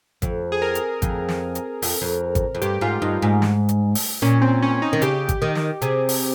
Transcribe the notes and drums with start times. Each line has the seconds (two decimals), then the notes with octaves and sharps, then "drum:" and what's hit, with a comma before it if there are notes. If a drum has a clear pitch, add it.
0.22 F2, drum: kick G#1, hi-hat
0.52 G#4
0.62 A#4
0.75 drum: hi-hat
1.02 F2, drum: kick G#1, hi-hat
1.28 drum: snare
1.55 drum: hi-hat
1.82 F2, drum: open hi-hat
2.02 F2
2.35 drum: kick G#1, hi-hat
2.55 F2
2.62 G2 G4, drum: hi-hat
2.81 G#2 F4
3.02 G2 D#4
3.22 G#2
3.42 drum: snare
3.69 drum: hi-hat
3.95 drum: open hi-hat
4.22 A#2 C#4
4.42 C4
4.62 C#4
4.82 D#4
4.93 D#3
5.02 C#3 G4, drum: hi-hat
5.29 drum: kick G#1, hi-hat
5.42 D#3
5.55 drum: snare
5.82 C3 G#4, drum: hi-hat
6.09 drum: open hi-hat